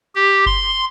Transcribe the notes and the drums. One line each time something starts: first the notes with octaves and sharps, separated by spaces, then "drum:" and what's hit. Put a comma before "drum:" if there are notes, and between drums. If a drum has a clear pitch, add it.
G4
C6, drum: kick G1